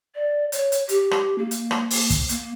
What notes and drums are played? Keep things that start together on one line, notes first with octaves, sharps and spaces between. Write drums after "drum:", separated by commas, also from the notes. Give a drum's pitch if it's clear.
D5
C#5, drum: hi-hat
drum: hi-hat
G4, drum: hi-hat
drum: rim click
A#3
drum: hi-hat
drum: rim click
drum: open hi-hat
drum: kick, hi-hat
A#3, drum: hi-hat